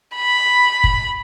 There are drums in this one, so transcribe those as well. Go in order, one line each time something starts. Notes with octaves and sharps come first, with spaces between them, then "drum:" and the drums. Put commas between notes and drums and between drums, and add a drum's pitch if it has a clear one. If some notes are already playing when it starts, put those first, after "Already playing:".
B5
drum: kick F#1